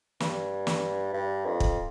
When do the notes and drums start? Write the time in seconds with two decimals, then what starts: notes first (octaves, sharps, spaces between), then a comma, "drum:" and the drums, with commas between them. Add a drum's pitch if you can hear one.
0.20 G2, drum: snare
0.67 drum: snare
1.13 G2
1.45 F2
1.60 drum: kick